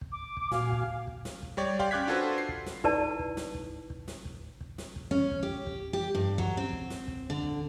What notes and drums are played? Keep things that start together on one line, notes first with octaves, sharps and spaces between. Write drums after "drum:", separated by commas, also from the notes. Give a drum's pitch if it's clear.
drum: kick
D6
drum: kick
A#2 F#4 F5 G#5, drum: snare
drum: kick
drum: kick
drum: snare
drum: kick
G3 G4 C#5 D5
G4 D5 F5 G5 C6, drum: kick
C#4 G4 D6 F#6 G#6 B6
D4 F4 F#4 A4 B4 C5
C7
drum: kick
drum: snare
D#4 E4 B4 D5 A5, drum: kick
drum: kick
drum: snare
drum: kick
drum: kick
drum: snare
drum: kick
drum: kick
drum: snare
drum: kick
C#4
drum: kick
G4
drum: kick
G4
G2
F#3, drum: kick
C4
drum: kick
drum: snare
drum: kick
D3
drum: kick